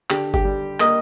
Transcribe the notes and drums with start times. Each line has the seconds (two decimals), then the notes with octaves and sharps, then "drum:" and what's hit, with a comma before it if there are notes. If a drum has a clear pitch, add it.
0.10 D3 G4, drum: clap
0.34 G4, drum: kick G1
0.45 G3
0.80 A#3 D#5, drum: clap